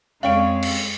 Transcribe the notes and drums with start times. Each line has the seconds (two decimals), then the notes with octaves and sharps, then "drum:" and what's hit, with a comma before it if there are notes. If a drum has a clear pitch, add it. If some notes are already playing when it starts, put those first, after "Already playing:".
0.23 F2 G#3 C#4 C#5 F5 G5 D7
0.63 drum: cymbal